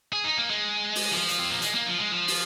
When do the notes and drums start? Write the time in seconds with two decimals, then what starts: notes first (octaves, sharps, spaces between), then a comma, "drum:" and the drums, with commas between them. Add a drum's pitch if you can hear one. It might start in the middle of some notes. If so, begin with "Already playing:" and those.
0.13 G#4
0.25 D#4
0.38 A#3
0.50 G#3
0.95 drum: open hi-hat
1.12 F3
1.28 drum: hi-hat
1.39 C4
1.50 A#3
1.62 G#3, drum: hi-hat
1.75 A#3
1.86 F3
1.98 G#3
2.12 F3
2.28 drum: open hi-hat